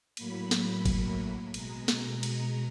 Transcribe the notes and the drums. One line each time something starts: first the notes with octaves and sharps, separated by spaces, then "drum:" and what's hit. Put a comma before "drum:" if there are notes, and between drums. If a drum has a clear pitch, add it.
A2 F#3 A#3 B5, drum: cymbal
drum: snare
drum: kick, cymbal
B2 G#3 A#5, drum: cymbal
drum: snare
A#5, drum: cymbal